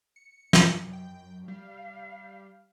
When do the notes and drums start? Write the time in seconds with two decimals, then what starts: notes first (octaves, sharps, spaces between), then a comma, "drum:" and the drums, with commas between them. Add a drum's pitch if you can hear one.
0.16 C#7
0.53 F#2, drum: snare
0.93 G5
1.48 G3 F5